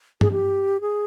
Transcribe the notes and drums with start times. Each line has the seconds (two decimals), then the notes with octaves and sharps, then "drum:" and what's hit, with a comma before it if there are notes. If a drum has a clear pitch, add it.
0.21 G#4, drum: tom G2
0.31 G4
0.81 G#4